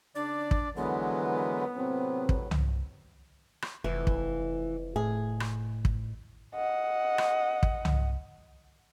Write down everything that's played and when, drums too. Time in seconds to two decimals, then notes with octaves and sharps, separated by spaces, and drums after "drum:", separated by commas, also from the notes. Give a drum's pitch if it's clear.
0.15 C#3 D4 D5
0.51 drum: kick
0.76 F2 D3 E3 F#3 G#3 B3 A#4 B4
1.77 A2 C3 F#3 C4 B4
2.29 drum: kick
2.51 drum: tom C2
3.62 drum: rim click
3.84 F1 E3
4.07 drum: kick
4.96 A2 G#4
5.40 drum: rim click
5.85 drum: kick
6.55 D#5 F#5
7.18 drum: rim click
7.63 drum: kick
7.85 drum: tom C2